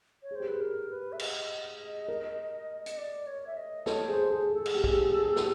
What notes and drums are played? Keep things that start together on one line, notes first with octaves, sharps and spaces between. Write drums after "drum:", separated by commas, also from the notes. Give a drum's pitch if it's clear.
C#5
G#4
G4 C5
G#4 B4
A#4
B4
E5
D#5, drum: cymbal
A#4
D#5, drum: hi-hat
D5
C#5
E5
D#5
A4 C#5, drum: snare
G#4 C5
G#4
G#4 A4
drum: cymbal
G4
G#4, drum: kick
G4
G#4
G4
G#4
G4
G#4, drum: snare